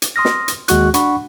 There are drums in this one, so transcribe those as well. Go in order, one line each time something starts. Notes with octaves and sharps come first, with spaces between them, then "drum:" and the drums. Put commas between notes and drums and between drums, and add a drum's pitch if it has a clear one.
drum: hi-hat
C6 D#6 F6 A#6
drum: snare
drum: hi-hat
D#2 G#3 F#4 C#6 F#6, drum: hi-hat
D4 F#5 B5 C#6, drum: hi-hat